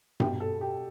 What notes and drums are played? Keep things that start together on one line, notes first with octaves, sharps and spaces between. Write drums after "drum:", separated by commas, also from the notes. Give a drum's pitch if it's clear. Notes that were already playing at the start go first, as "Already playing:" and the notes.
B2 G4, drum: tom G2
A4
G4